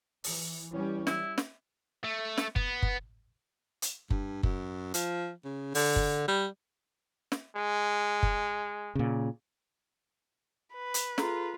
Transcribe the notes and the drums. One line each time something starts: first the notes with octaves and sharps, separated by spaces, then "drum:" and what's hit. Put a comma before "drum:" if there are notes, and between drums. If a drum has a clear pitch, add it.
E3, drum: open hi-hat
E3 G3 C#4
G3 E4, drum: snare
drum: snare
A3
drum: snare
B3, drum: kick F#1
drum: kick F#1
drum: hi-hat
G2, drum: kick F#1
F#2, drum: kick F#1
F3, drum: hi-hat
C#3
D3, drum: open hi-hat
drum: kick F#1
G3
drum: snare
G#3
drum: kick F#1
A#2 C#3
B4
drum: hi-hat
F4 G#4 A4 A#5, drum: snare